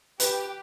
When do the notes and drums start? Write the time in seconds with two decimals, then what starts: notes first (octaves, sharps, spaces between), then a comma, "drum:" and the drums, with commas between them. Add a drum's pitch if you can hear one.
0.20 G4 B4, drum: hi-hat